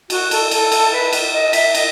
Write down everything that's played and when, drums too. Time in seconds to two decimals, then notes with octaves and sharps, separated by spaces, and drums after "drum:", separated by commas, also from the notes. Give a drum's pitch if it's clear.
0.10 F#4, drum: cymbal
0.31 A4, drum: cymbal
0.51 A4, drum: cymbal
0.72 drum: cymbal
0.92 B4
1.13 drum: cymbal
1.33 D#5
1.53 E5, drum: cymbal
1.74 D#5, drum: cymbal